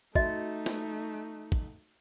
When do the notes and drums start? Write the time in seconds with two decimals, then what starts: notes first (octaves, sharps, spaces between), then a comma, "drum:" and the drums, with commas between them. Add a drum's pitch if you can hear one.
0.15 A3 D#4 F#4 D#5 E5, drum: kick
0.66 drum: snare
1.52 drum: kick